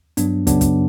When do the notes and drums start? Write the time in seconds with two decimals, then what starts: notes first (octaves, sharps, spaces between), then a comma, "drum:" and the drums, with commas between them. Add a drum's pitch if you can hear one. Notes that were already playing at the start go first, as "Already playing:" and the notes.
0.17 G2 F#3 B3 D4, drum: hi-hat
0.47 F#2 C#3 F#3 B3 D4, drum: kick, hi-hat
0.61 drum: kick, hi-hat